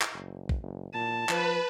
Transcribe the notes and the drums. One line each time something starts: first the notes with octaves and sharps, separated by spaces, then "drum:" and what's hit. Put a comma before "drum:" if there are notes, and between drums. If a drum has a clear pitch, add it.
drum: clap
F#1
drum: kick
F#1
A#2 A5
F3 B4, drum: clap